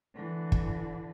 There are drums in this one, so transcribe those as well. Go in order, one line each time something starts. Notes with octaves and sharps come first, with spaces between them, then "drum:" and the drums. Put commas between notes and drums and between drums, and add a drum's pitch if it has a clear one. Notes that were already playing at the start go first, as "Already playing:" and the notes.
D3 E3
drum: kick